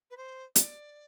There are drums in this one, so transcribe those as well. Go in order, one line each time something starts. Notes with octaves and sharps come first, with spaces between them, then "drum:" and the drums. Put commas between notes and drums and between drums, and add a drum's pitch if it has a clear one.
B4
C5
D5, drum: hi-hat